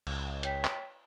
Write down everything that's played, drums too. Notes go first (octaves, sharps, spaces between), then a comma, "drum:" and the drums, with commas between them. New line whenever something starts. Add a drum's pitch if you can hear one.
C#2, drum: cymbal
C#5 G5 B6, drum: hi-hat
drum: clap